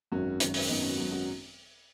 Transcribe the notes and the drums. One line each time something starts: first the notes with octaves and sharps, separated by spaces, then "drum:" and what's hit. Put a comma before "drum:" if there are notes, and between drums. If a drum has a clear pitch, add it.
G#1 F#2 D#3 C#4 F#4
G#1 F#2 D#3, drum: hi-hat
drum: open hi-hat
G#1 F#2 D#3 B3 D#4
C#4 F#4
G#1 F#2 D#3 C#4 F#4
C#4 F#4